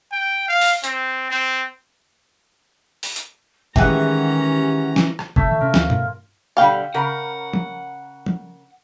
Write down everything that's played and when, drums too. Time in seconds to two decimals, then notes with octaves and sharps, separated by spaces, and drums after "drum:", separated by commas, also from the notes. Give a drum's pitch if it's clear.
0.12 G5
0.48 F5
0.61 drum: open hi-hat
0.84 C4, drum: hi-hat
1.30 C4
3.03 drum: open hi-hat
3.16 drum: hi-hat
3.76 D#3 E3 G#3 C#4 G4 F#5 A#5, drum: kick
4.96 drum: snare
5.19 drum: rim click
5.36 C3 A3 C#5 E5, drum: kick
5.49 D3 D#3
5.61 C3 C#4 F4 A#4
5.74 D2, drum: snare
5.90 B2, drum: tom G2
6.57 B2 D3 G3 F5 G5
6.94 C#3 A#4 F#5
7.53 drum: tom
8.26 drum: tom